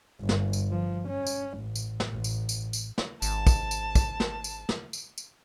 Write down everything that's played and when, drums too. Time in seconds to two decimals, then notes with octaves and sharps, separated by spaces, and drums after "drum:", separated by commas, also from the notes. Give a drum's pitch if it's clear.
0.20 G1
0.29 drum: snare
0.53 drum: tambourine
0.70 F3
1.08 C#4
1.27 drum: tambourine
1.59 A1
1.75 drum: tambourine
2.00 drum: snare
2.11 A1
2.24 drum: tambourine
2.49 drum: tambourine
2.73 drum: tambourine
2.98 drum: snare
3.22 G#1 A5, drum: tambourine
3.47 drum: kick, tambourine
3.71 drum: tambourine
3.95 drum: kick, tambourine
4.20 drum: snare
4.44 drum: tambourine
4.69 drum: snare
4.93 drum: tambourine
5.18 drum: tambourine